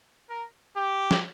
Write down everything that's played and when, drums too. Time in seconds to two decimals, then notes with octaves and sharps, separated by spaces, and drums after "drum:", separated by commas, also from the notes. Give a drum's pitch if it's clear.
0.30 A#4
0.77 G4
1.11 drum: snare